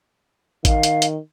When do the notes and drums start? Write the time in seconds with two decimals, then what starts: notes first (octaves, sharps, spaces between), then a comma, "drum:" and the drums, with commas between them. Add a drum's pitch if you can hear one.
0.65 D#3 F5, drum: kick A1, hi-hat
0.83 drum: hi-hat
1.02 drum: hi-hat